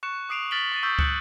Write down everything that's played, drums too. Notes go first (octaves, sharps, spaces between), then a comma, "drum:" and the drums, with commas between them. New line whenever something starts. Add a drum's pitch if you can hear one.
C#6 F#6 C#7 E7
D6 D#6 C7 D7 E7 F7
F6 A6 B6 D7 F#7 G7
C#6 A6 D#7
C#6 D#6 E6 G6 B6
D#6 F#6 G6 C#7 E7 F#7, drum: kick